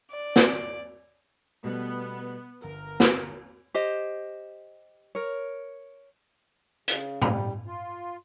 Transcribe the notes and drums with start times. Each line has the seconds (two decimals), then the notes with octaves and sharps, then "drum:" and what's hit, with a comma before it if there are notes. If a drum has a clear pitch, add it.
0.11 D5
0.36 drum: snare
1.64 B2 G3 A3 B3
2.64 G1 A#4
3.00 drum: snare
3.74 G4 C5 D#5
5.15 A#4 C#5
6.88 C#3, drum: hi-hat
7.22 G3, drum: tom A2
7.66 F4